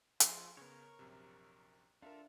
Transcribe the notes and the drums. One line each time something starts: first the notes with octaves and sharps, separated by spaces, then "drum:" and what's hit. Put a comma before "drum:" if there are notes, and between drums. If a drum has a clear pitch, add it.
F3 F4 G#4 G#5, drum: hi-hat
C#3 B3 A#4 C#5
A#1 F#2 C3
D4 F4 A4 A#4 E5 F5